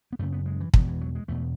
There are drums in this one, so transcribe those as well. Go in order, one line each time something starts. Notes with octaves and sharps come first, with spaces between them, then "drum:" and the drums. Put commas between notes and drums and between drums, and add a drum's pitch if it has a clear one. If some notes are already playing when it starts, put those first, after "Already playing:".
B3
F#2 C#3 A3
B3
G#3
E3
E2 B2 D#3, drum: kick
E3
F#3
G#3
E2 B2 A3